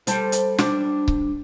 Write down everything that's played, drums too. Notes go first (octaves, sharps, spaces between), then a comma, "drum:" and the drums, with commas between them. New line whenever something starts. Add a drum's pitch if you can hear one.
G3 A4 C5, drum: hi-hat
drum: hi-hat
G3 D4, drum: snare
drum: kick C#1